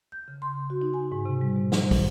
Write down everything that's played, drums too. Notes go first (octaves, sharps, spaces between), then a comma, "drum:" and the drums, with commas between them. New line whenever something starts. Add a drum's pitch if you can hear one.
G6
C#3
C6
F#4
D#4
G#5
G#2
C3
G3
B2
C5, drum: snare
F#3, drum: kick, open hi-hat